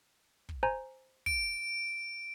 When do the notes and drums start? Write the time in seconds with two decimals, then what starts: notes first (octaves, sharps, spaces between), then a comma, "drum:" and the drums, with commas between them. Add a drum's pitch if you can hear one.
0.49 drum: kick
0.63 C5 G#5 A#5
1.26 D7, drum: kick